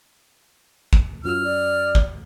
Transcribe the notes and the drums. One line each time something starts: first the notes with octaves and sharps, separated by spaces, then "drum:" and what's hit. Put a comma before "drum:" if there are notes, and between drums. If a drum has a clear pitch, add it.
drum: kick
F#2 F4 F#4 E6 F6
D5
drum: kick